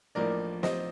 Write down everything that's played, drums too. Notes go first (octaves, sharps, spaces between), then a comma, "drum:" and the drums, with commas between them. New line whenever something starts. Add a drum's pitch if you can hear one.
A1 A2 F3 A#3 D4 A#4 D5
C5 D#5, drum: snare